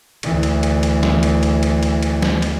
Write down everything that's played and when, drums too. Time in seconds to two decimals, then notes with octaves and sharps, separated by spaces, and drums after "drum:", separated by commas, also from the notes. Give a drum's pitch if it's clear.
0.23 D2 E3, drum: cymbal
0.43 drum: cymbal
0.63 drum: cymbal
0.83 drum: cymbal
1.03 drum: snare
1.23 drum: cymbal
1.43 drum: cymbal
1.63 drum: cymbal
1.83 drum: cymbal
2.03 drum: cymbal
2.22 drum: snare
2.42 drum: cymbal